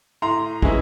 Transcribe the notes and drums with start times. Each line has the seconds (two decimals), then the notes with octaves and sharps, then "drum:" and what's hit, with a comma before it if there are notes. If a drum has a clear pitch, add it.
0.22 A2 A#5 C6
0.62 E3 G#3 C#4 E4, drum: kick